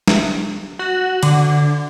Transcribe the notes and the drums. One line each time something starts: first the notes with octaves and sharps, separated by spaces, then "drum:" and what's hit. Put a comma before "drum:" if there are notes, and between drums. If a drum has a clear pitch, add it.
drum: snare
F#4
D3, drum: cymbal